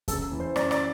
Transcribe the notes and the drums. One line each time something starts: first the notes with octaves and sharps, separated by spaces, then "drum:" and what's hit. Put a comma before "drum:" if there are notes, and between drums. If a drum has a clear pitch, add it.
F#2 A4, drum: kick E2, hi-hat
E3
C5
F#2 D5, drum: rim click
D5, drum: rim click